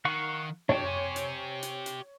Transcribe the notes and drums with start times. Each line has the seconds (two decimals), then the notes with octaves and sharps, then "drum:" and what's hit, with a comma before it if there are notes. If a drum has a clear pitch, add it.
0.05 D#3 F5 F#5 C#6
0.69 D4 F#4 G4 C5 C#5 G5, drum: tom
0.87 G#5
1.16 drum: hi-hat
1.63 drum: hi-hat
1.86 drum: hi-hat